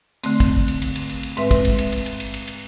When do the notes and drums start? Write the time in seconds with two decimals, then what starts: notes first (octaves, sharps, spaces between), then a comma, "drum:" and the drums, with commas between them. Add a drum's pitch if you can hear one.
0.24 D3 A3 C4, drum: cymbal
0.40 drum: kick, cymbal
0.68 drum: cymbal
0.82 drum: cymbal
0.96 drum: cymbal
1.09 drum: cymbal
1.23 drum: cymbal
1.37 G#2 G#3 C4 B4 E5, drum: cymbal
1.51 drum: kick, cymbal
1.65 drum: cymbal
1.78 drum: cymbal
1.92 drum: cymbal
2.06 drum: cymbal
2.20 drum: cymbal
2.34 drum: cymbal
2.48 drum: cymbal